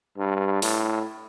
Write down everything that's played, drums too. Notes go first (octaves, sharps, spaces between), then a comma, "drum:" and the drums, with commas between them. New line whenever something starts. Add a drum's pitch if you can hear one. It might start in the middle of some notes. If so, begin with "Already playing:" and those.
G2
A2, drum: open hi-hat